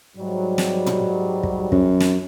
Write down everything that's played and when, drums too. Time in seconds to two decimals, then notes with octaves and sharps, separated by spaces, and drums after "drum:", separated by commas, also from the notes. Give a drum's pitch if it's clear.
0.17 G#2 F#3 G3
0.58 drum: snare
0.86 drum: tom
1.43 drum: kick
1.72 F#2, drum: kick
2.00 drum: snare